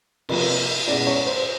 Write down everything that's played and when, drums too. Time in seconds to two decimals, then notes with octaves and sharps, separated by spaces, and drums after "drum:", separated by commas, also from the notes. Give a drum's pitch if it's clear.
0.29 C3 F3 A#3, drum: cymbal
0.87 B2 G#3 C#4 E4 D5
1.07 C#5
1.27 C5